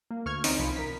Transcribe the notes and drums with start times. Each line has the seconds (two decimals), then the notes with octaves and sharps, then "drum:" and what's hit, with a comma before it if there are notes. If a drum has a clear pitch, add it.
0.11 A#3
0.25 D2 C#6 F6 G#6
0.44 E3 C4 C#4 D#4, drum: open hi-hat
0.59 C2 F3 B5
0.76 A#4 B6